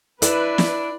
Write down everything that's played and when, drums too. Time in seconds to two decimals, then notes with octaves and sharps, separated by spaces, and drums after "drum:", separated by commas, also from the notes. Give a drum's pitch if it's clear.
0.22 D4 E4 B4, drum: hi-hat
0.58 drum: snare